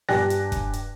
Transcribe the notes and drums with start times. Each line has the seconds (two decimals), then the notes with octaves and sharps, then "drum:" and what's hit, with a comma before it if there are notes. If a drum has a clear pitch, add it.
0.09 G2 D4 G4 G#5 F#6 A#6, drum: snare
0.30 drum: hi-hat
0.52 drum: kick, hi-hat
0.73 drum: hi-hat